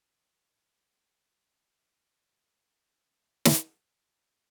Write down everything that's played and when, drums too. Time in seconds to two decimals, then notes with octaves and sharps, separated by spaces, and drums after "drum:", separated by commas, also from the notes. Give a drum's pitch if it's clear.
0.18 D#5
0.84 D1
2.98 C5 E5 F5 A5 D#6 F6
3.45 drum: snare